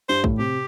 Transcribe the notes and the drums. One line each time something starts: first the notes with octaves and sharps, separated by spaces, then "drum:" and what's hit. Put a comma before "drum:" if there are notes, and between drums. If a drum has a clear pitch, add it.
G2 C5
A2, drum: kick
C3 G4